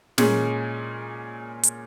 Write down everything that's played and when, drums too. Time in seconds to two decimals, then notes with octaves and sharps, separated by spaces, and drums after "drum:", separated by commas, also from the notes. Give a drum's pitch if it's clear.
0.18 A#2 G#3 C#4 G#4, drum: snare
1.63 drum: hi-hat